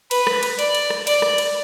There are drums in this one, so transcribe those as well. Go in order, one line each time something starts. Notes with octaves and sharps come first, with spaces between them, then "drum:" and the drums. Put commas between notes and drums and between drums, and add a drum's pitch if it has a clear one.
B4, drum: cymbal
drum: rim click
drum: cymbal
D5, drum: cymbal
drum: cymbal
drum: rim click
D5, drum: cymbal
drum: rim click
drum: cymbal